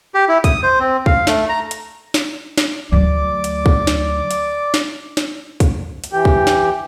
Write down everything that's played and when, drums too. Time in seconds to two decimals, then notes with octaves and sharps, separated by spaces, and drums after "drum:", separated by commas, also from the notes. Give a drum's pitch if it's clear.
0.14 G4
0.28 E4
0.44 D#6, drum: kick, hi-hat
0.63 C5
0.80 C4
1.06 F5, drum: kick
1.27 A3, drum: snare
1.49 A#5
1.71 drum: hi-hat
2.14 drum: snare
2.58 drum: snare
2.92 D2 F#3 D5 D6
3.44 drum: hi-hat
3.66 drum: kick
3.87 drum: snare
4.31 drum: hi-hat
4.74 drum: snare
5.17 drum: snare
5.60 drum: kick, hi-hat
6.04 drum: hi-hat
6.13 E3 G4 G5
6.25 drum: kick
6.47 drum: snare